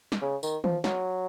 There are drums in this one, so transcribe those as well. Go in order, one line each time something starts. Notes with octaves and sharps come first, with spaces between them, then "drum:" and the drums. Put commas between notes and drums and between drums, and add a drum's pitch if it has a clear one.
drum: snare
C#3
D#3, drum: tambourine
F3, drum: tom D#3
F#3, drum: snare